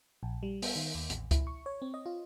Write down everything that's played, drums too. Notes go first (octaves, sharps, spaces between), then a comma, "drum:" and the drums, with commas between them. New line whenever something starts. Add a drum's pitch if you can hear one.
A#1
G3
B3, drum: open hi-hat
D#3
D#2
A1, drum: hi-hat
E4, drum: kick C#2, hi-hat
C#6
C#5
C4
D#5
F4